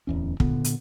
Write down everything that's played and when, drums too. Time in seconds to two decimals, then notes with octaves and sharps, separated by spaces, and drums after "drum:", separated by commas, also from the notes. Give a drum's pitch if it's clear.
0.07 D1 E2 C#4
0.40 A#2 D3 B3, drum: kick
0.64 drum: hi-hat